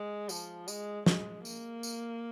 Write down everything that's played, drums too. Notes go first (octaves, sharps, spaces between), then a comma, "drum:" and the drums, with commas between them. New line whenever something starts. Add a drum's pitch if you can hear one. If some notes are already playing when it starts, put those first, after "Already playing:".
Already playing: G#3
F3, drum: tambourine
G#3, drum: tambourine
G#3, drum: snare
A#3, drum: tambourine
drum: tambourine